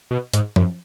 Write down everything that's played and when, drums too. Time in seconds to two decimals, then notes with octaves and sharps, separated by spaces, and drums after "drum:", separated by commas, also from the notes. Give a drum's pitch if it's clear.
0.11 B2
0.33 G#2, drum: hi-hat
0.56 F#2, drum: tom F3